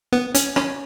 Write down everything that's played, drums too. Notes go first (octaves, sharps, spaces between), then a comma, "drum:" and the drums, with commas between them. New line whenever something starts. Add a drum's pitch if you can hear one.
B3
C#4, drum: hi-hat
C#4, drum: rim click